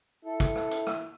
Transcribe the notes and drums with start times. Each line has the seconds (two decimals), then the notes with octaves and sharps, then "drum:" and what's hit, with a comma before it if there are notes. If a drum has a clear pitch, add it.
0.25 E4 A4
0.40 drum: kick, hi-hat
0.56 drum: rim click
0.71 drum: hi-hat
0.87 drum: rim click